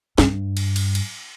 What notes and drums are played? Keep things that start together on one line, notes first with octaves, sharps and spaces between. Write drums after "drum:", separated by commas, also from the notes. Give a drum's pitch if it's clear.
G2, drum: snare
drum: cymbal
drum: cymbal
drum: cymbal